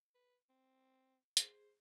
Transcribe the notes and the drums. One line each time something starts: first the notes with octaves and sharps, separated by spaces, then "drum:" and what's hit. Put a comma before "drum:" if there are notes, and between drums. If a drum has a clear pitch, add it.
B4
C4
G#4 C5, drum: hi-hat